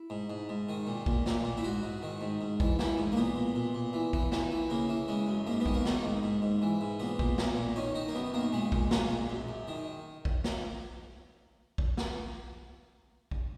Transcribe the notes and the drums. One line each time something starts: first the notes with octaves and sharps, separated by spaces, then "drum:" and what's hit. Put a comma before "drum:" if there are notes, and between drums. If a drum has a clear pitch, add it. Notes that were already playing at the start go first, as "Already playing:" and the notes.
Already playing: E4
G#2
G#2
G#2
D#3
A#2
A#2, drum: kick
A#2, drum: snare
A#2
E4
G#2 F#4
G#2
D#3
G#2
G#2
E3, drum: kick
E3, drum: snare
G#2
A#3
A#2 B3
A#2
A#2
A#2
E3
E3, drum: kick
E3, drum: snare
E3
C#3 A#3
E3
C#3 G#3
F#2
G#2 A#3
B3
D#3, drum: kick
A#3
D#3, drum: snare
G#2
G#2
G#2
E3
G#2
A#2 B3
A#2, drum: kick
A#2, drum: snare
A#2
D#3 C#4
D#3 D#4
A#3
F#2 B3
D#3 A#3
A#2 G#3
A#2, drum: kick
A#2, drum: snare
A#2
F#2
F#2
D#3
drum: kick
drum: snare
drum: kick
drum: snare
drum: kick